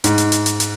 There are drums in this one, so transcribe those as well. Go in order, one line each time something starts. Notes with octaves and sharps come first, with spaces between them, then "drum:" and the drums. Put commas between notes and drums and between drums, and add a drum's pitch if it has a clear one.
G#2, drum: hi-hat
drum: hi-hat
drum: hi-hat
drum: hi-hat
drum: hi-hat